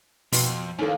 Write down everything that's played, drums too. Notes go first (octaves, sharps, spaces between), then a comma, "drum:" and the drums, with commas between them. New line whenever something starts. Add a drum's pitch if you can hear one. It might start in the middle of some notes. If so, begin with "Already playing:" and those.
F2 B2 G5 C6, drum: open hi-hat
D#2 A#3 C#4 D#4 E4 A4